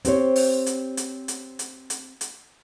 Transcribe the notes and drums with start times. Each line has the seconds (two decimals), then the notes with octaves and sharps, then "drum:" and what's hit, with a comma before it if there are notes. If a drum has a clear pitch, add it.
0.05 C4 G4 C5 C#5, drum: hi-hat
0.36 drum: open hi-hat
0.66 drum: hi-hat
0.97 drum: hi-hat
1.28 drum: hi-hat
1.59 drum: hi-hat
1.90 drum: hi-hat
2.21 drum: hi-hat